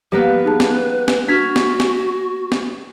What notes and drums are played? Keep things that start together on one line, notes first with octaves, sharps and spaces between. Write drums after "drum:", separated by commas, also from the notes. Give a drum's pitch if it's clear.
G3 A#3 B3 G4 B4
D#4 G#4 A5
drum: snare
drum: snare
D4 F#4 F6 G#6 B6
drum: snare
drum: snare
drum: snare